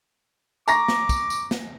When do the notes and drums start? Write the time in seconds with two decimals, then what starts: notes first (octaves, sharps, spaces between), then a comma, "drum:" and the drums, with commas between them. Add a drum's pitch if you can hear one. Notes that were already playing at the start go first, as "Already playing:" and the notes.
0.68 A#5 C#6 D6 A#6, drum: tambourine
0.88 drum: snare
1.09 drum: kick, tambourine
1.30 drum: tambourine
1.51 drum: snare